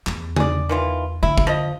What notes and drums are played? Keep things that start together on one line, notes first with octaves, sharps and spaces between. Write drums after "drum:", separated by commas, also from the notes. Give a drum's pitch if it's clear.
E2, drum: clap
G#4 D5, drum: tom C#3
D#3 E3 F4
D3 E4
drum: kick
F3 D#5